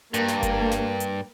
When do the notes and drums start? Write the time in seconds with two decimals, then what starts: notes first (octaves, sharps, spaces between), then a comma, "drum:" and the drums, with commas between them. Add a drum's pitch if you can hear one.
0.14 G2 A#3, drum: hi-hat
0.28 drum: snare
0.43 drum: kick F#1, hi-hat
0.71 drum: snare
1.00 drum: hi-hat